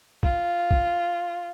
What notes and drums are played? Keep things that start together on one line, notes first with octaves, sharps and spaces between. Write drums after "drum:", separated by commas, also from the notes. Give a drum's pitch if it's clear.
F4, drum: kick
drum: kick